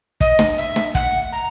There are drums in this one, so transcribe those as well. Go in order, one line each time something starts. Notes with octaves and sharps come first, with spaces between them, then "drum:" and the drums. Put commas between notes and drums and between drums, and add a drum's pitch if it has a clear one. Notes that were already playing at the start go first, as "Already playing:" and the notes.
D#5, drum: kick
drum: snare
E5
drum: snare
F#5, drum: kick
A#5